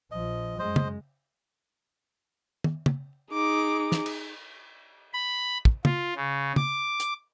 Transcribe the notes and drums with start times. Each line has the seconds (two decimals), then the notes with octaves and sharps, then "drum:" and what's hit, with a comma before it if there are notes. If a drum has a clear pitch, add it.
0.11 A#1 F3 D#5
0.59 F#2 G#3 C5 D#5
0.76 drum: tom
2.64 drum: tom
2.86 drum: tom
3.32 D#4 G#4 D6
3.92 drum: snare
4.06 drum: cymbal
5.13 B5
5.65 drum: kick
5.85 F4, drum: tom
6.16 C#3
6.56 D6, drum: tom
7.00 drum: hi-hat